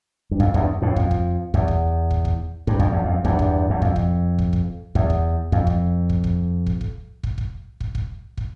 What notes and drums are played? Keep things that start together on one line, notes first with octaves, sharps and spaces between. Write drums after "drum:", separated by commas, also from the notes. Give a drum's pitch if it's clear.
G2
F2, drum: kick
E2 G2, drum: kick
F2 A2
F2, drum: kick
drum: kick
E2, drum: kick
drum: kick
drum: kick
drum: kick
G2, drum: kick
F2, drum: kick
E2
F2
E2 G2, drum: kick
drum: kick
E2
F2, drum: kick
drum: kick
drum: kick
drum: kick
E2, drum: kick
drum: kick
F2, drum: kick
drum: kick
drum: kick
drum: kick
drum: kick
drum: kick
drum: kick
drum: kick
drum: kick
drum: kick
drum: kick